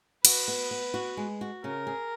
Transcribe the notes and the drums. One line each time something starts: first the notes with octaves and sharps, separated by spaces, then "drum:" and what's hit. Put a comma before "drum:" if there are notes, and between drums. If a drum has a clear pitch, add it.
F#4 B4, drum: cymbal
B3
B3
F#4
G#3
F#4
C#3 A#4
G#4